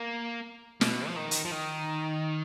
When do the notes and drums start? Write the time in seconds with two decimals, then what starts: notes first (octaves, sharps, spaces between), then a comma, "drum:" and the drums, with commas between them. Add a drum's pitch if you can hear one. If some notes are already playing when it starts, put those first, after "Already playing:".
Already playing: A#3
0.81 B2, drum: snare
1.07 F3
1.16 D#3
1.31 drum: hi-hat
1.45 F3
1.52 D#3